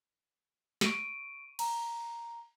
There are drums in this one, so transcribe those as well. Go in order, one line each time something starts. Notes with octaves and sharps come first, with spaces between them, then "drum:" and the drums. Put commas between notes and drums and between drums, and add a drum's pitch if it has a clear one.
C#6 D7 D#7, drum: snare
A#5, drum: cymbal